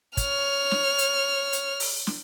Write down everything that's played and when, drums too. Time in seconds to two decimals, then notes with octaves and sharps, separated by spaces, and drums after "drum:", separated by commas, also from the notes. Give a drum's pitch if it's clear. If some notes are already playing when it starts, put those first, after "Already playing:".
0.17 C#5 F6, drum: kick, hi-hat
0.71 drum: snare
0.98 drum: hi-hat
1.53 drum: hi-hat
1.80 drum: open hi-hat
2.07 drum: snare